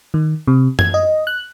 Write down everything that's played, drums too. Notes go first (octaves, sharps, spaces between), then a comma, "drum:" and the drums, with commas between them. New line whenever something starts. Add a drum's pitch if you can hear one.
D#3
C3
G#6, drum: tom F#2
D#5
F#6